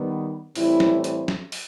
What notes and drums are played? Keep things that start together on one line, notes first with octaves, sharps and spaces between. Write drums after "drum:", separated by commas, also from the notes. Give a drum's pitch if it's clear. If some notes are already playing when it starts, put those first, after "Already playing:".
Already playing: D#3 G3 B3
A2 E3 G3 C4 E4, drum: open hi-hat
drum: snare
drum: hi-hat
drum: snare
drum: open hi-hat